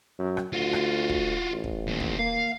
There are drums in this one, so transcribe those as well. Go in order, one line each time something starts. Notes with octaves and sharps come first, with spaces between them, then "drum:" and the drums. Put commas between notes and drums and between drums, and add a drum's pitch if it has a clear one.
F#2
drum: rim click
D2 F4 F#4
drum: rim click
drum: kick
A1
drum: kick
D#2 A#2
drum: kick
A#3 F5